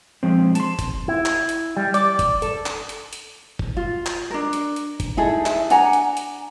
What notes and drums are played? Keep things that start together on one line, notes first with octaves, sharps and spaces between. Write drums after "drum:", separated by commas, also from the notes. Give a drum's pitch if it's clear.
F3 G#3 C4
A5 C6, drum: hi-hat
drum: kick, hi-hat
E4
drum: clap
drum: hi-hat
G3
D5, drum: hi-hat
drum: kick, hi-hat
A4, drum: hi-hat
drum: clap
drum: hi-hat
drum: hi-hat
drum: kick
F4
drum: clap
D4 A#4
drum: hi-hat
drum: hi-hat
drum: kick, hi-hat
D#4 E4 G#4 A4
E5, drum: clap
D4 F#5 G#5 A#5, drum: hi-hat
drum: hi-hat
drum: hi-hat